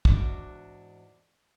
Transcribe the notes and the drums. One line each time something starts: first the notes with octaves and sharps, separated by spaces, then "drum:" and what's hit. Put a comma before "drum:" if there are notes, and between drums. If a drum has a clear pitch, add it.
E2 G#2 D4 F#4, drum: kick